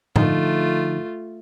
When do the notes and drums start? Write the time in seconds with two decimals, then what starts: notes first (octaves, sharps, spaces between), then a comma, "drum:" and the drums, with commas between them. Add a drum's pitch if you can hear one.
0.16 D3 F3 A3 D#4 F4, drum: tom A2